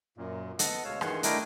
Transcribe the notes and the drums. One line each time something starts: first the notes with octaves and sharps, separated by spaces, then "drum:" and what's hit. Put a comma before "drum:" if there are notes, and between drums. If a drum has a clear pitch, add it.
F#2 A#2
B3 A4 D#5 F#5, drum: hi-hat
D2 B2 G#3 C#5 F5 E6
G2 D#3 E3 G#4 F#5 C6, drum: rim click
A3 D4 E4 A#4 D#5 G5, drum: hi-hat